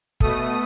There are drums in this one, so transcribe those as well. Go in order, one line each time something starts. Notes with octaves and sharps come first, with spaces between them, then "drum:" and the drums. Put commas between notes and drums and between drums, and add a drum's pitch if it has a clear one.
B2 A3 D#6, drum: kick